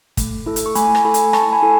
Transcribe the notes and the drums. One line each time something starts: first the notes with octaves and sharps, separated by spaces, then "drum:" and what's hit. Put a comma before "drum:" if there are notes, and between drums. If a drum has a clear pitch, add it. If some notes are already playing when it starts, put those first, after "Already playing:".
A3, drum: kick, hi-hat
E4 A4
drum: hi-hat
C#6
A3 G#5 B5, drum: hi-hat
drum: rim click
E4 A4 G#5 B5
drum: hi-hat
A3 A5 C#6, drum: rim click
G#5 B5
E4 A4